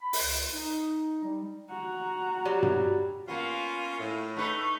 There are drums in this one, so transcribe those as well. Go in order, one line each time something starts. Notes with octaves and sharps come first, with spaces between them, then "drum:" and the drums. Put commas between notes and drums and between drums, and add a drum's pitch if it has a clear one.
B5
drum: open hi-hat
C#2
D#4
G3
F#4 A#5
F#3 G3
drum: tom G2
A#3 B3 C#4 F4
A2
A3 D#4 B4